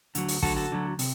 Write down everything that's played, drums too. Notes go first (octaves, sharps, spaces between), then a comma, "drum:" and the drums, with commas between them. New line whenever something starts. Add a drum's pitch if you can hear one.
D2 D3 F#3, drum: hi-hat
drum: open hi-hat
D2 D3 F#3 F#4 A4, drum: kick
F#4 A4
D2 D3 F#3
C3, drum: open hi-hat